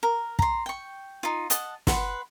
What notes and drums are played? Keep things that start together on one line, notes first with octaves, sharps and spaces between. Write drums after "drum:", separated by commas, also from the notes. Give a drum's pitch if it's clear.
A#4
A#5 C6, drum: kick
G5 C#6
D#4 F4
D#5 F#5 A5, drum: hi-hat
B4 F#5 C6, drum: snare